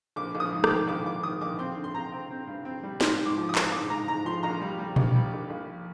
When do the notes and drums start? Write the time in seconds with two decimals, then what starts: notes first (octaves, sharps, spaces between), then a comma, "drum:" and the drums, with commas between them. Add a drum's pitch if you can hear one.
0.16 A#1 D6
0.35 A#1
0.40 D#6
0.52 G#2
0.64 D6, drum: rim click
0.70 D#3
0.87 A#1 D6
1.05 A#1 D6
1.23 D#3 D#6
1.41 A#1 D6
1.59 C4 C6
1.76 D3
1.84 C6
1.95 C4 A#5
2.12 C4
2.31 C4
2.47 G2
2.65 C4
2.83 G3
3.01 G#2 C6, drum: snare
3.19 G#2
3.26 D6
3.37 F3
3.49 D#6
3.55 G#2, drum: clap
3.72 G#2 D6
3.90 G#2 A#5
4.08 G#2 A#5
4.26 F3 C6
4.43 A#1 A#5
4.61 G3
4.79 G3
4.96 A#1, drum: tom A#2
5.15 G3
5.33 A#1
5.50 A#1